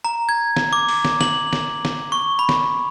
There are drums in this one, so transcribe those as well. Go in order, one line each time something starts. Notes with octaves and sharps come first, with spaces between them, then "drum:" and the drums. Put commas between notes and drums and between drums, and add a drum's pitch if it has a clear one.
A#5
G#6
drum: snare
D6
drum: open hi-hat
drum: snare
F#7, drum: snare
drum: snare
drum: snare
C#6
B5
drum: snare